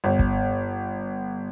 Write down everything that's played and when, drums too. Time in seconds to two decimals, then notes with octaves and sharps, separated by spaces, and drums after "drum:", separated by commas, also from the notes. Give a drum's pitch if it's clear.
0.04 G1
0.19 drum: kick